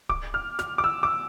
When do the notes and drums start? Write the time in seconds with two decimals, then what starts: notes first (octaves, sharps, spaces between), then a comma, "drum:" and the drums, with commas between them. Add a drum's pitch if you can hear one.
0.09 D6, drum: kick D1
0.34 F6
0.59 F6, drum: snare
0.78 D6
0.84 E6
1.03 D6